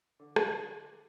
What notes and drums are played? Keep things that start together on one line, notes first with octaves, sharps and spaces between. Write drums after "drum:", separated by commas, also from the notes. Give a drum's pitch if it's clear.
D3
drum: rim click